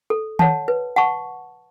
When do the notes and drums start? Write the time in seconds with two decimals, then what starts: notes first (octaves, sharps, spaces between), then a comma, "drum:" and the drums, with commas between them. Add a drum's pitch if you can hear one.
0.10 A4
0.39 C#5 F#5 A5, drum: tom D#3
0.68 B4
0.96 F#5 A5 C#6